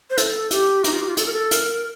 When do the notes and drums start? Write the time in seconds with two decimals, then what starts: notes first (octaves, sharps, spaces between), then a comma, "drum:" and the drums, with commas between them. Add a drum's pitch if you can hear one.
0.10 C5
0.18 A4, drum: hi-hat
0.51 G4, drum: hi-hat
0.84 D#4, drum: hi-hat
0.93 F4
1.01 G4
1.09 F4
1.17 A4, drum: hi-hat
1.26 A#4
1.33 A4
1.51 A#4, drum: hi-hat